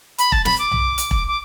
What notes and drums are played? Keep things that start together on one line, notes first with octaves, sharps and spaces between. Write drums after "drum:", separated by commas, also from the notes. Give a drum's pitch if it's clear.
B5, drum: hi-hat
A5, drum: kick E1
B5, drum: snare
D6
drum: tom B1
drum: hi-hat
drum: kick E1
D6